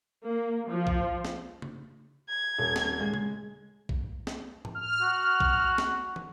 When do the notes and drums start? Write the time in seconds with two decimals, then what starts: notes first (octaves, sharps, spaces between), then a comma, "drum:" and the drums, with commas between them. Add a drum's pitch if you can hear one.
0.24 A#3
0.68 F3
0.87 drum: kick B1
1.25 drum: snare
1.62 drum: tom
2.29 G#6
2.58 D#1
2.76 drum: snare
3.00 G#3
3.14 drum: tom
3.89 drum: kick B1
4.27 drum: snare
4.65 drum: tom A2
4.75 F6
5.02 F#4
5.40 drum: kick B1
5.78 drum: snare
6.16 drum: tom